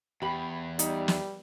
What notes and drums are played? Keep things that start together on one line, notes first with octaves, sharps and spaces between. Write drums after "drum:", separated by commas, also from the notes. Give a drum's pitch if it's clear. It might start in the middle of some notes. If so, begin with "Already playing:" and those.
E2 G4 B5
G3 D#4, drum: hi-hat
drum: snare